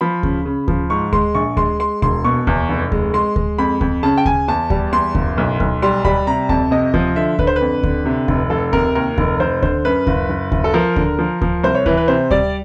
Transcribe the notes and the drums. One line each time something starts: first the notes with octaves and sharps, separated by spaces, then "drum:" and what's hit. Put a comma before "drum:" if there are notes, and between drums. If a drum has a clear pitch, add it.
F3 B5
C#3, drum: kick D2
C#3
F3, drum: kick D2
G#2 C#6
G#3 C6, drum: kick D2
A#1 C#6
G#3 C6, drum: kick D2
G#3 C6
E1 C6, drum: kick D2
B2 C#6
E2, drum: kick D2
F1
G#3, drum: kick D2
G#3 C6
G#3, drum: kick D2
F2 B5
F2, drum: kick D2
C#3 A5
G5
C#3 G#5, drum: kick D2
E2 A5
G3, drum: kick D2
E2 C6
F#1, drum: kick D2
B1
B1, drum: kick D2
G3 C6
G3 B5, drum: kick D2
C3 A#5
F2 A5, drum: kick D2
C3 D#5
F3, drum: kick D2
D3 E5
D3 B4, drum: kick D2
C5
B4
F2
D3, drum: kick D2
C3
F1, drum: kick D2
F1 A4
C3 A#4, drum: kick D2
D#2 A#4
F1, drum: kick D2
F1 C5
D3 C5, drum: kick D2
F#2 B4
F#1, drum: kick D2
F#1
F#1, drum: kick D2
A4
F3 A#4
D3, drum: kick D2
F3
F3, drum: kick D2
C2 C5
C#5
E3 B4, drum: kick D2
B4
C3 C5
G3 D5, drum: kick D2